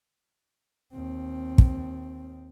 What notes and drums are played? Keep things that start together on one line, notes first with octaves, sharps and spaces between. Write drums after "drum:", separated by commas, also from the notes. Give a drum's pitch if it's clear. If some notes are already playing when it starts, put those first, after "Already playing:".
D#2 C4
drum: kick